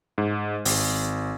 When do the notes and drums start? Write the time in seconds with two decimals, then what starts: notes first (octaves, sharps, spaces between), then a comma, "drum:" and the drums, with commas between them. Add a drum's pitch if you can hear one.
0.18 G#2
0.65 G#1, drum: open hi-hat